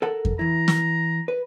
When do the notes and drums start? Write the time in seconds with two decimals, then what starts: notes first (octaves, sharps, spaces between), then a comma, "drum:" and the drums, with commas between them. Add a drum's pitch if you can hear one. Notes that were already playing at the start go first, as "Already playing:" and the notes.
0.02 A4 A#4 F#5
0.25 drum: kick F2
0.39 E3 E4 A#5
0.68 drum: snare
1.28 B4